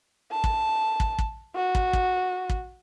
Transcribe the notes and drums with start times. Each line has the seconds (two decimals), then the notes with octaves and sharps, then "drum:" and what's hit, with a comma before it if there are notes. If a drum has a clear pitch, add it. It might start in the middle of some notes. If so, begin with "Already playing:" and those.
0.31 A5
0.44 drum: kick
1.00 drum: kick
1.19 drum: kick
1.56 F#4
1.75 drum: kick
1.93 drum: kick
2.49 drum: kick